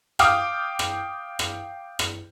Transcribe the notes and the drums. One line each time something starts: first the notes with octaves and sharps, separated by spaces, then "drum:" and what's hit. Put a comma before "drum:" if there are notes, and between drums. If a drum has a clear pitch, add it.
F5 G5 D6 D#6 F6, drum: rim click
drum: rim click
drum: rim click
drum: rim click